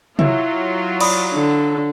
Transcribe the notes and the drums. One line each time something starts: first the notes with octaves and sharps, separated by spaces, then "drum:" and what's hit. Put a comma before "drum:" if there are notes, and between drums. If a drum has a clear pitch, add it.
F#3 E4 F4, drum: tom C3
D5 B5 D#6, drum: cymbal
D3